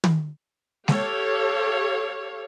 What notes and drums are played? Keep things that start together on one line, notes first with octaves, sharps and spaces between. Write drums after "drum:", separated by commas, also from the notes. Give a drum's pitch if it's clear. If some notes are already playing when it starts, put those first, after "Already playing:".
drum: tom
G4 A4 C#5 F5, drum: snare G#3